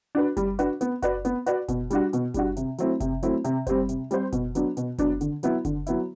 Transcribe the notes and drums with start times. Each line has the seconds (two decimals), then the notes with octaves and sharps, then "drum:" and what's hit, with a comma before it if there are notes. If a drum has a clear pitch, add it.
0.15 D4 F#4 B4
0.37 G3, drum: kick F#1, hi-hat
0.59 D4 F#4 B4, drum: hi-hat
0.81 B3, drum: hi-hat
1.02 F#4 B4 D5, drum: kick F#1, hi-hat
1.25 B3, drum: hi-hat
1.46 F#4 B4 D5, drum: hi-hat
1.68 B2, drum: kick F#1, hi-hat
1.90 G3 D4 F#4, drum: hi-hat
2.13 B2, drum: hi-hat
2.34 G3 D4 F#4, drum: kick F#1, hi-hat
2.57 C3, drum: hi-hat
2.78 F#3 A3 C4 E4, drum: hi-hat
3.00 C3, drum: kick F#1, hi-hat
3.23 F#3 A3 C4 E4, drum: hi-hat
3.44 C3, drum: hi-hat
3.67 G3 C4 G4 C5, drum: kick F#1, hi-hat
3.89 C3, drum: hi-hat
4.11 G3 C4 G4 C5, drum: hi-hat
4.32 B2, drum: kick F#1, hi-hat
4.55 F#3 B3 D4, drum: hi-hat
4.77 B2, drum: hi-hat
4.98 F#3 B3 D4, drum: kick F#1, hi-hat
5.21 D3, drum: hi-hat
5.43 F#3 B3 E4, drum: hi-hat
5.65 D3, drum: kick F#1, hi-hat
5.87 F#3 B3 E4, drum: hi-hat